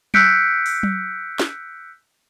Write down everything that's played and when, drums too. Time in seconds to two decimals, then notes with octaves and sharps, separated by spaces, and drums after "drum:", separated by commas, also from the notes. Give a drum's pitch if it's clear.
0.14 E6 F#6 G6 B6 C#7 D7, drum: tom F#3
0.66 drum: open hi-hat
0.83 drum: tom F#3
1.40 drum: snare